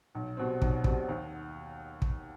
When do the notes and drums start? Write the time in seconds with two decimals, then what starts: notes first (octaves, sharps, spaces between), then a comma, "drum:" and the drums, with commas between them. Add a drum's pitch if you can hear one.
0.15 B1
0.37 B2 G3 C4
0.62 B1, drum: kick
0.84 B2 G3 C4, drum: kick
1.09 D#2
2.02 drum: kick